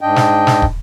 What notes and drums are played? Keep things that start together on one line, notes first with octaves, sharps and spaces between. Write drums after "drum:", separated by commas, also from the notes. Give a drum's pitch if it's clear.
G#2 D4 D#5 G5
drum: snare
drum: snare
drum: kick